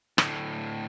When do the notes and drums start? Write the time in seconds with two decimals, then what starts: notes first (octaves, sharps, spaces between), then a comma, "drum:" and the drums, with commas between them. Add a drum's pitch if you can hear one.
0.18 D2 A2, drum: rim click